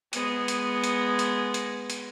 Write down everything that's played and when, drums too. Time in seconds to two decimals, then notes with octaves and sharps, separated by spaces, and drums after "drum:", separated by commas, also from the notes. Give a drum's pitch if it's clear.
0.13 G#3 B3, drum: hi-hat
0.48 drum: hi-hat
0.84 drum: hi-hat
1.19 drum: hi-hat
1.54 drum: hi-hat
1.90 drum: hi-hat